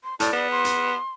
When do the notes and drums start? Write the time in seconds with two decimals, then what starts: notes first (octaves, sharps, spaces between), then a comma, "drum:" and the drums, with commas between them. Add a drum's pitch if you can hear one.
0.04 C6
0.20 A2 D5, drum: hi-hat
0.33 B3
0.51 C6
0.65 drum: hi-hat